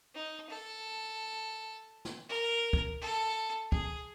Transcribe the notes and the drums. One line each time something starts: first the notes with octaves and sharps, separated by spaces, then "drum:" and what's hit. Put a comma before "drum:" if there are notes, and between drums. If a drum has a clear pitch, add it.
D#4
A4
drum: snare
A#4
drum: kick
A4
G#4, drum: kick